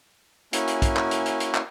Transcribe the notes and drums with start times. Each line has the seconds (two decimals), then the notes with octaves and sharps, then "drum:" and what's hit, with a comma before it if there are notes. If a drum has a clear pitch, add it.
0.53 A#3 C#4 E4 F#4 G#5, drum: hi-hat
0.67 drum: hi-hat
0.82 drum: kick, hi-hat
0.97 drum: clap
1.11 drum: hi-hat
1.26 drum: hi-hat
1.40 drum: hi-hat
1.55 drum: clap